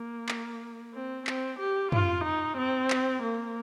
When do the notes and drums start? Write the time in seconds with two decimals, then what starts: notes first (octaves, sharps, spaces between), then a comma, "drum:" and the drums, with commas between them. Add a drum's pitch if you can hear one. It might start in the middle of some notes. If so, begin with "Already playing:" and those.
Already playing: A#3
0.29 drum: clap
0.94 C4
1.27 C4, drum: clap
1.59 G4
1.92 F4, drum: tom
2.25 D#4
2.58 C4
2.90 drum: clap
3.23 A#3